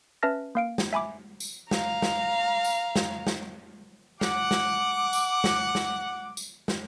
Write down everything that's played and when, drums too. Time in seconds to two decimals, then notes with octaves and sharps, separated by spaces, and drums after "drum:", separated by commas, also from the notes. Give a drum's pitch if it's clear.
0.23 C#4 B4 E5 A5 F6 A#6
0.55 A#3 F5 D7
0.78 drum: snare
0.93 E5 G#5 B5 D6
1.40 drum: tambourine
1.71 F5 A#5, drum: snare
2.02 drum: snare
2.64 drum: tambourine
2.96 drum: snare
3.27 drum: snare
4.21 F#5 D6, drum: snare
4.51 drum: snare
5.13 drum: tambourine
5.44 drum: snare
5.75 drum: snare
6.37 drum: tambourine
6.68 drum: snare